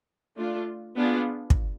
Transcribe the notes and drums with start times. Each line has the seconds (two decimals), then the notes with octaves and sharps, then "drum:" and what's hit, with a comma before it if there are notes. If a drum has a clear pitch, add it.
0.37 A3 D4 F4
0.96 B3 D4 F4 G#4
1.50 drum: kick